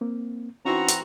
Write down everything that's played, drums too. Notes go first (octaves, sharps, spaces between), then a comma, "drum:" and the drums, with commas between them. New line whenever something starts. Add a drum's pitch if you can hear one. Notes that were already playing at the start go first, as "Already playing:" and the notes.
A#3 C4
E3 C4 C#4 D#4 E4 F#4 A#5
drum: hi-hat